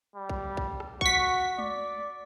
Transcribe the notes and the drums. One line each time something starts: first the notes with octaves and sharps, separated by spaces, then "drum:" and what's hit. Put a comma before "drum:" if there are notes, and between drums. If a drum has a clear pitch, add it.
G3
drum: kick
drum: kick
drum: rim click
F#4 C#6 B6, drum: kick
D5, drum: tom G#3